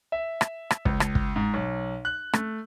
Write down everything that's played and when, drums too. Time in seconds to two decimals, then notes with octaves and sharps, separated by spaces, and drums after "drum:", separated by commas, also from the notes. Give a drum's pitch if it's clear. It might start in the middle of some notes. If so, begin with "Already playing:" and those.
0.12 E5
0.41 drum: rim click
0.71 drum: rim click
0.85 C#2, drum: kick
1.00 drum: rim click
1.15 drum: kick
1.36 G#2
1.54 B1
2.05 F#6
2.33 A3, drum: rim click